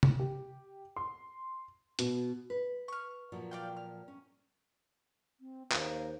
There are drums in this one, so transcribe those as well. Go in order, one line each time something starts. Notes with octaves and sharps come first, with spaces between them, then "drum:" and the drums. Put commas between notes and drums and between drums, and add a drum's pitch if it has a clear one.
drum: tom C3
G4
C6
B2, drum: hi-hat
B4
C#6 F6
A#2 F3 F#3
D5 F5 G5
F6
C#4
C4
D#2 A#3 C5, drum: clap